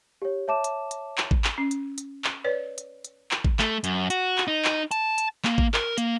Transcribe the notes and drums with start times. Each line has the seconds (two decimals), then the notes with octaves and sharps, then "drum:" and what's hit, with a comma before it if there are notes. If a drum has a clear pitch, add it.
0.22 G4 C#5
0.48 C#5 E5 A5 D6 E7
0.64 drum: hi-hat
0.91 drum: hi-hat
1.18 drum: clap
1.31 drum: kick G#1
1.44 drum: clap
1.58 C#4
1.71 drum: hi-hat
1.98 drum: hi-hat
2.24 drum: clap
2.44 B4 C#5 D5
2.78 drum: hi-hat
3.04 drum: hi-hat
3.31 drum: clap
3.45 drum: kick G#1
3.59 A3, drum: clap
3.84 F#2, drum: hi-hat
4.10 F#4, drum: hi-hat
4.38 drum: clap
4.48 D#4
4.65 drum: clap
4.91 A5, drum: hi-hat
5.18 drum: hi-hat
5.45 A#3, drum: clap
5.58 drum: kick G#1
5.74 A#4, drum: clap
5.98 A#3, drum: hi-hat